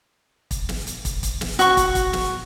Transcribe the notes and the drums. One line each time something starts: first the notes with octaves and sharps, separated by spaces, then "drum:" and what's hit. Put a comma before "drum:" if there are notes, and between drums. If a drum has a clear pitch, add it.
drum: kick, hi-hat
drum: snare
drum: hi-hat
drum: kick, hi-hat
drum: kick, hi-hat
drum: snare
F#4 C#6, drum: hi-hat
drum: kick, hi-hat
drum: kick, hi-hat
drum: snare